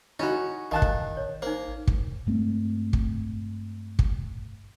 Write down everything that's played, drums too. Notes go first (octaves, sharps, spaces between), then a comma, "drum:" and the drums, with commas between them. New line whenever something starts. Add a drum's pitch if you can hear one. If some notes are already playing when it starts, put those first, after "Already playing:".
C#4 D#4 E4 F#4 B5 C6
A1 D#3 F5 A5 F#6
drum: kick
C#5
A#3 D#4 C5
drum: kick
G2 G#3 A3 C4
drum: kick
drum: kick